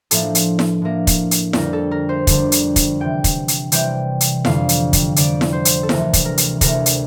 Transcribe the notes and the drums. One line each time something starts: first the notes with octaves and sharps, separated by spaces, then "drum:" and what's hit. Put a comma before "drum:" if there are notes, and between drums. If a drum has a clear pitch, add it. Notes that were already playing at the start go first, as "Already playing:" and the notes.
A2 F3 A#3 D4 A4, drum: hi-hat
drum: hi-hat
drum: snare E4
A2 F3 A#3 D4 A#4
drum: kick, hi-hat
drum: hi-hat
F2 D3 G3 D4 A#4, drum: snare E4
A4
A#4
C5
F2 D3 G3 D4, drum: kick, hi-hat
drum: hi-hat
drum: kick, hi-hat
C3 E3 G3 G5
drum: kick, hi-hat
drum: hi-hat
C3 E3 G3 G5, drum: hi-hat
drum: hi-hat
F2 D3 G3 F5, drum: snare E4
drum: hi-hat
drum: kick, hi-hat
F2 D3 G3 D5, drum: hi-hat
drum: snare E4
C5
drum: hi-hat
A4
D2 C3 E3 A3 A#4, drum: snare E4
drum: kick, hi-hat
A#4
drum: hi-hat
D2 C3 E3 A3 A#4, drum: kick, hi-hat
drum: hi-hat